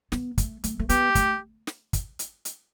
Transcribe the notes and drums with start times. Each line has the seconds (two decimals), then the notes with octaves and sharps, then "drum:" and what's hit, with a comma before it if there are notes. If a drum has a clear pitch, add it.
0.12 B3, drum: snare
0.38 A3, drum: kick, hi-hat
0.64 A3, drum: hi-hat
0.79 A3
0.89 B3 G4, drum: hi-hat
1.15 A3, drum: kick, hi-hat
1.67 drum: snare
1.93 drum: kick, hi-hat
2.19 drum: hi-hat
2.45 drum: hi-hat